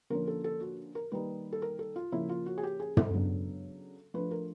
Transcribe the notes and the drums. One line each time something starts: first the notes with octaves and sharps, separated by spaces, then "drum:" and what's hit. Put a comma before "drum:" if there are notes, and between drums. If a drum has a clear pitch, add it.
D3 F3 A#3 C#4 A#4
A4
A4
F#4
A#4
D#3 G3 A#3 D#4 B4
A4
A#4
A4
F4
C#3 F3 A#3 E4
F4
F#4
G#4
G4
G#4
A4, drum: tom
C#3 F#3 B3 D4
F3 A3 D4 B4
A#4